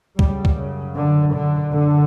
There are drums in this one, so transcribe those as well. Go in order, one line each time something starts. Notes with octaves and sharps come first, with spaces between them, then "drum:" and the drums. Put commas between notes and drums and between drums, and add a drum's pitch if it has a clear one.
F#2 C#3 G3, drum: kick C2
drum: kick C2
C#3
D3
D3
F#2 D3